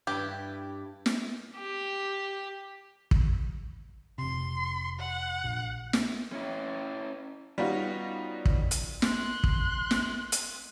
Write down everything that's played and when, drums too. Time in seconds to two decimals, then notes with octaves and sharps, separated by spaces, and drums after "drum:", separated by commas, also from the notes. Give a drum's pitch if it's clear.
0.07 G2 E4 G4
1.06 drum: snare
1.57 G4
3.11 drum: kick
4.18 F1 C3 C6
4.99 F#5
5.44 A#1
5.93 drum: snare
6.33 C#4 E4
7.58 G3 B3 C#4 D#4 F4 F#4
8.45 drum: kick
8.71 drum: hi-hat
9.02 C6 F#6, drum: snare
9.44 drum: kick
9.91 drum: snare
10.32 drum: hi-hat